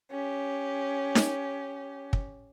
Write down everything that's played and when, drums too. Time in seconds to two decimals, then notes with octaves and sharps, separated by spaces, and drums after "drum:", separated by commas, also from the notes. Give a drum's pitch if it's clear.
0.10 C#4 G4
1.15 drum: snare D#4
2.13 drum: kick